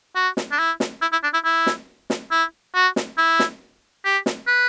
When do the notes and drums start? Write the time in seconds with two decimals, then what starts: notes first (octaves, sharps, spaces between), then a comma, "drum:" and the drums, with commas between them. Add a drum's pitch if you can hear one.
0.15 F#4
0.37 drum: snare
0.52 D4
0.59 E4
0.80 drum: snare
1.02 E4
1.12 E4
1.23 D4
1.34 E4
1.45 E4
1.67 drum: snare
2.10 drum: snare
2.31 E4
2.75 F#4
2.96 drum: snare
3.18 E4
3.39 drum: snare
4.05 G4
4.26 drum: snare
4.47 B4